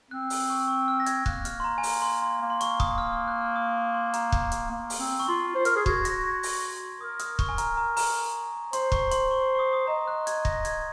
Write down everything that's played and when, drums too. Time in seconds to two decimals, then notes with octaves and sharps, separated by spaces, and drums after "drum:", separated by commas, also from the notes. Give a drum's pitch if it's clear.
0.11 C4 F#6
0.30 drum: open hi-hat
0.50 C#6
0.68 C#6
0.88 F6
1.00 A#6
1.06 G#6, drum: hi-hat
1.26 A#3 F#6, drum: kick
1.45 F6, drum: hi-hat
1.60 C6
1.64 A#5
1.78 G#5
1.83 A#5, drum: open hi-hat
2.02 C6
2.22 C6
2.41 A#3
2.50 C6
2.61 C#6, drum: hi-hat
2.80 D#6, drum: kick
2.98 F6
3.13 F6
3.28 F#6
3.41 F6
3.56 D#6
3.94 C6
4.14 A#5, drum: hi-hat
4.32 drum: kick
4.52 drum: hi-hat
4.71 A#3
4.90 drum: open hi-hat
4.99 C4
5.20 C#6
5.28 F4 C6
5.55 C5
5.65 A#4, drum: hi-hat
5.76 G#4
5.86 F#4 G#6, drum: kick
6.05 A#6, drum: hi-hat
6.24 G#6
6.43 drum: open hi-hat
7.00 A#4 D#6
7.19 D#6, drum: hi-hat
7.39 C#6, drum: kick
7.49 G#5
7.58 A#5, drum: hi-hat
7.77 A#5
7.97 A#5, drum: open hi-hat
8.73 C5 C6, drum: hi-hat
8.92 C#6, drum: kick
9.11 C6, drum: hi-hat
9.31 C#6
9.55 C#6
9.59 D#6
9.73 D#6
9.87 D#5 A#5
10.08 F#6
10.27 G#6, drum: hi-hat
10.45 A#6, drum: kick
10.65 G#6, drum: hi-hat